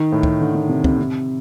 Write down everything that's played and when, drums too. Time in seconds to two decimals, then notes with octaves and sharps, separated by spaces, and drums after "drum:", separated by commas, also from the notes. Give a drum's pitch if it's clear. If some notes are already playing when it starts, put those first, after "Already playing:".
Already playing: D#3
0.12 A2
0.23 drum: kick
0.41 D3
0.55 D#3
0.69 C3
0.84 C3, drum: kick
0.98 C3